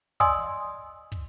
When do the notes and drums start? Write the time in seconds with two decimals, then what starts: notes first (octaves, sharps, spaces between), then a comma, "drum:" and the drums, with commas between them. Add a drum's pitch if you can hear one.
0.20 D5 D#5 G#5 C6 D#6 E6, drum: kick
1.12 drum: kick